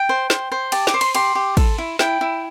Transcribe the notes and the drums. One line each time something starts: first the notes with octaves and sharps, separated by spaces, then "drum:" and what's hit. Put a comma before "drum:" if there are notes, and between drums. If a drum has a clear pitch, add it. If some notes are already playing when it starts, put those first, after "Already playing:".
Already playing: G5
C5
C5, drum: snare
C5
G4 A5, drum: cymbal
D6, drum: snare
C5
C6, drum: cymbal
G4 C6, drum: cymbal
G4
A4, drum: kick, cymbal
E4
E4 G5, drum: snare
E4